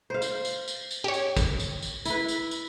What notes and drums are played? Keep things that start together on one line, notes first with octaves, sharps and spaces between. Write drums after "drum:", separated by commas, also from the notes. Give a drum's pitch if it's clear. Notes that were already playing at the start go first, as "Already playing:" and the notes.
C5 F5
drum: tambourine
drum: tambourine
drum: tambourine
drum: tambourine
G4 C#5
drum: tambourine
drum: kick, tambourine
drum: tambourine
drum: tambourine
E4 B4, drum: tambourine
drum: tambourine
drum: tambourine